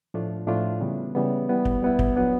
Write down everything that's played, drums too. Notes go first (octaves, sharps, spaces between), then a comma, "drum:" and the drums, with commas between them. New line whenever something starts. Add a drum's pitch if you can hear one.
A2 F3 A3 D4 F4
A2 F3 A3 D4 F4
C#3 E3 G3 B3
C#3 E3 G3 B3
G3 B3 E4
drum: kick
G3 B3 E4
drum: kick
F#3 B3 D4